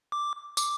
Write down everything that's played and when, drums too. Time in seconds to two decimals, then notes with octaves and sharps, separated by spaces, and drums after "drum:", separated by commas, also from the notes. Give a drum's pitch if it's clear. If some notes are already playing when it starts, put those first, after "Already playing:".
0.12 D6
0.57 D6, drum: tambourine